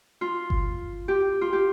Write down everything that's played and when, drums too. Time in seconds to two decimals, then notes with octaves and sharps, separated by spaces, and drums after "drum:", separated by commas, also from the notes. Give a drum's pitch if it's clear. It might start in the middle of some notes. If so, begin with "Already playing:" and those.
0.21 F4
0.50 drum: kick G1
1.08 G4
1.41 F4
1.53 G4